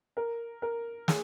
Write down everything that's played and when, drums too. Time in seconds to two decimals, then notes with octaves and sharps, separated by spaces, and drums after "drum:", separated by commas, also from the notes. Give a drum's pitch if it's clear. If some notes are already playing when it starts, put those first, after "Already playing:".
0.17 A#4
0.62 A#4
1.08 G#4, drum: snare